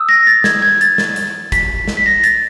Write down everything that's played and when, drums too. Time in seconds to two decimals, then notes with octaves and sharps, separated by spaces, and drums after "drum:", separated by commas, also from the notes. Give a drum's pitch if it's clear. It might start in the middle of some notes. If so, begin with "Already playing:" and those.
Already playing: D#6 E6
0.09 A#6
0.27 A6
0.44 G#6, drum: snare
0.62 G#6
0.81 A6, drum: hi-hat
0.98 drum: snare
1.16 drum: hi-hat
1.52 B6, drum: kick, hi-hat
1.88 drum: snare
1.97 B6
2.06 A#6
2.24 A6, drum: hi-hat